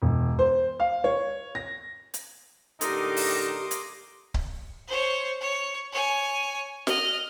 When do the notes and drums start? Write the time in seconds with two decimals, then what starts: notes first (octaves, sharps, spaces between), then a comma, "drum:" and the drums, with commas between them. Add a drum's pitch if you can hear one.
0.02 E1
0.39 C5
0.80 F5
1.04 C#5
1.55 A#6
2.14 drum: hi-hat
2.81 A2 D3 D#4 G4 A#4 C6 D6 D#6, drum: hi-hat
3.17 drum: open hi-hat
3.71 drum: hi-hat
4.34 drum: kick C#1
4.87 C5 C#5
5.41 C#5
5.92 C#5 G#5
6.87 D#5 F6, drum: snare